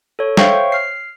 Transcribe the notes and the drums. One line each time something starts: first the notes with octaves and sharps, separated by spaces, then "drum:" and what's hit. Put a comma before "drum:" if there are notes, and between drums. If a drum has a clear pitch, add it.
A4 C#5
C5 C#5 E5 F5 G5 C#6, drum: snare
F6 C7